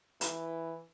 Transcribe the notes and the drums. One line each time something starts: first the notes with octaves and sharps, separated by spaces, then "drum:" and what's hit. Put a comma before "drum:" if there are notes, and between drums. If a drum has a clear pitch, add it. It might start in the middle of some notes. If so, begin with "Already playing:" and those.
E3, drum: hi-hat